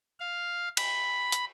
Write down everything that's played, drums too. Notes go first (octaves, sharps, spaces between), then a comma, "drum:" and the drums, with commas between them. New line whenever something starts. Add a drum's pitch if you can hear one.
F5
B5, drum: cymbal
drum: hi-hat